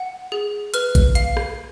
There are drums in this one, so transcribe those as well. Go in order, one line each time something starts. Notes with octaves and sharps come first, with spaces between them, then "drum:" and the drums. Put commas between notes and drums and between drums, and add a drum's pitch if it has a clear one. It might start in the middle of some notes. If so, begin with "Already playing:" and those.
Already playing: F#5
G#4
B4 F6, drum: hi-hat
drum: kick A#1, hi-hat
F5, drum: hi-hat
drum: rim click